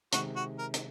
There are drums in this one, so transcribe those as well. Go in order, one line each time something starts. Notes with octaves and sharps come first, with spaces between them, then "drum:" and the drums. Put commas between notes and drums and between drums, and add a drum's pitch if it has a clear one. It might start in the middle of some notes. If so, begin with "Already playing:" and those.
C3 D#3 G#3 F#4, drum: hi-hat
F#4
A#4
drum: hi-hat